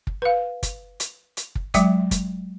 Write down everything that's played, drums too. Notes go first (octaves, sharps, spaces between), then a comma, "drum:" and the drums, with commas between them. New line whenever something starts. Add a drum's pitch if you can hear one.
drum: kick
B4 F5
drum: kick, hi-hat
drum: hi-hat
drum: hi-hat
drum: kick
F#3 G#3 E5 G5 D6, drum: kick, hi-hat
drum: kick, hi-hat